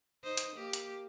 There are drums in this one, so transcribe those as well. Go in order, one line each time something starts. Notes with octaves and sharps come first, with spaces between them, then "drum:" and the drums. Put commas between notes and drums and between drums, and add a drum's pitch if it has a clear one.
D#4 C5 D#5
drum: hi-hat
A#3 G4
drum: hi-hat